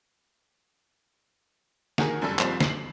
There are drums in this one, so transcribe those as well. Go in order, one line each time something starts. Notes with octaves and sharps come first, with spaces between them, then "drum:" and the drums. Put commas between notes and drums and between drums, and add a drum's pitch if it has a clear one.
D#3 F#4 G#4 A#4, drum: snare
F#1 F#2 G3 A4 E6
F#1 F3 G3 C4 C7 E7, drum: clap
C7 F#7, drum: snare